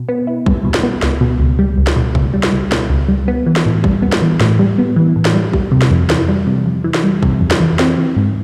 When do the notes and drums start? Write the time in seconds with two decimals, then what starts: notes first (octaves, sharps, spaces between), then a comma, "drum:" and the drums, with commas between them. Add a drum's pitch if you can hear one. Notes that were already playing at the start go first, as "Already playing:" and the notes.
Already playing: B2
0.09 B3
0.27 E4
0.46 G3, drum: kick
0.65 B2
0.74 drum: snare
0.83 B3
1.02 C#2, drum: snare
1.21 B2
1.40 C#2
1.59 G3
1.78 C#2
1.87 drum: snare
1.96 B2
2.15 C#2, drum: kick
2.34 G3
2.43 drum: snare
2.52 C#2
2.72 B2, drum: snare
2.90 C#2
3.08 G3
3.28 B3
3.46 E3
3.56 drum: snare
3.66 A2
3.84 G3, drum: kick
4.02 B3
4.12 drum: snare
4.22 E3
4.40 A2, drum: snare
4.59 G3
4.78 B3
4.96 E3
5.16 A2
5.25 drum: snare
5.34 G3
5.53 G3, drum: kick
5.72 C3
5.82 drum: snare
5.91 F2
6.10 E3, drum: snare
6.28 G3
6.47 C3
6.66 F2
6.84 E3
6.94 drum: snare
7.04 G3
7.23 C3, drum: kick
7.41 F2
7.51 drum: snare
7.60 E3
7.79 C4, drum: snare
7.98 E3
8.16 G#2